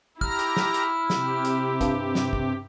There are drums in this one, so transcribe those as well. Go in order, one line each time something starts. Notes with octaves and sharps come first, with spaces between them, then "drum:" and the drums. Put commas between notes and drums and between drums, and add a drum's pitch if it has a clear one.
E4 G4 A#5 F6, drum: kick
drum: hi-hat
drum: snare
drum: hi-hat
C3 G4, drum: snare
drum: hi-hat
G2, drum: kick, hi-hat
drum: snare
drum: kick